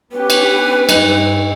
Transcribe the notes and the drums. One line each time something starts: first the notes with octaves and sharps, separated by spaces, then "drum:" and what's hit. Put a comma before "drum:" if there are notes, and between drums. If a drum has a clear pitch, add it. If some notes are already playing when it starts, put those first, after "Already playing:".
B3 C#4 G4 B4
drum: cymbal
G2 D#4, drum: cymbal